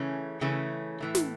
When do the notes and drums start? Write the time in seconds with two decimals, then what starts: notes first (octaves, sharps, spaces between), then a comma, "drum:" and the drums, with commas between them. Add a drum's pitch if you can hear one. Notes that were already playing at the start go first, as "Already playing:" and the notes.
Already playing: C#3 E3 A3 C#4
0.41 C#3 E3 A3 C#4
1.00 A2 E3 A3
1.15 drum: snare